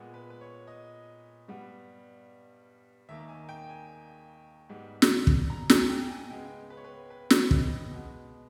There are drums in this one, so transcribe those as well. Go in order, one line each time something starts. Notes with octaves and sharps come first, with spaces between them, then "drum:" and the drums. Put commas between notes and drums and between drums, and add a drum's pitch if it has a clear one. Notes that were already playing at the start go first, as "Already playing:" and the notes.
Already playing: A#2 G#3 B3
B4
B4
C#5
D#5
G2 G3 B3
D#2 D#3 A#3 E5
G#5
G5
G#5
G#2 G3 B3
drum: snare
drum: kick
A#5
G#5, drum: snare
G5
G#5
C#2 C#3 G#3 B3 G5
B4
C#5
B4
B4
C#5, drum: snare
D#5, drum: kick
B2 G#3 B3